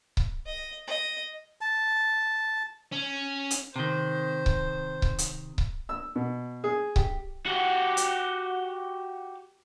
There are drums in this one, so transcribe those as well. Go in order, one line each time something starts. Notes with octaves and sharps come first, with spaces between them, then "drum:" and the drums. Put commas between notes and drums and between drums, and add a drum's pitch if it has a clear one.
drum: kick C#1
D#5
D#5
A5
C#4
drum: hi-hat
C3 D#3 C5
drum: kick C#1
drum: kick C#1
drum: hi-hat
drum: kick C#1
E6
B2
G#4
G4, drum: kick C#1
F#4 G4
drum: hi-hat